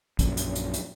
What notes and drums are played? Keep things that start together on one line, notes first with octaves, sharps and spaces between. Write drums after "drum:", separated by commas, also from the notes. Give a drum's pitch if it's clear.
A#1 F#2, drum: kick, hi-hat
drum: hi-hat
drum: hi-hat
drum: hi-hat